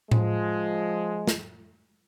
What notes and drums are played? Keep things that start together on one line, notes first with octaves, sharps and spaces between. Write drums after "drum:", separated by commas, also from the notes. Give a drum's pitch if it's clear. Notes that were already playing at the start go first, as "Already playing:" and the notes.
F3 G#3, drum: tom A2
drum: snare